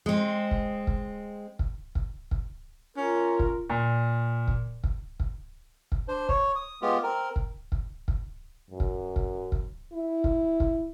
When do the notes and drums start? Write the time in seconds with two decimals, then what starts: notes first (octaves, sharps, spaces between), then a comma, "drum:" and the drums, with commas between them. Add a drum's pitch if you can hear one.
0.06 G#3 C4
0.51 drum: kick
0.87 drum: kick
1.59 drum: kick
1.95 drum: kick
2.31 drum: kick
2.97 C#4 F4 A#4
3.39 drum: kick
3.70 A#2
4.48 drum: kick
4.84 drum: kick
5.20 drum: kick
5.92 drum: kick
6.08 D4 C5
6.29 C#5, drum: kick
6.56 D#6
6.82 G#3 B3 F4 G4
7.03 C4 A#4
7.36 drum: kick
7.72 drum: kick
8.08 drum: kick
8.70 F#2
8.80 drum: kick
9.16 drum: kick
9.52 drum: kick
9.93 E4
10.24 drum: kick
10.60 drum: kick